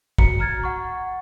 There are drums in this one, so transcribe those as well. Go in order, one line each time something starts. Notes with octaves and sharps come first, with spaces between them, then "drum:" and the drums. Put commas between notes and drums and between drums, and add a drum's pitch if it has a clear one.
F#4 A#5 C#7, drum: kick
A#5 F6 G#6 A6
F#5 C#6